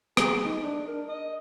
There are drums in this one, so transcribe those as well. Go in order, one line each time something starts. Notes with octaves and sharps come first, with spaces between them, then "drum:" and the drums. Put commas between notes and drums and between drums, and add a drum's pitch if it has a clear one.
G#4, drum: rim click
D#4
D4
A#4
D#5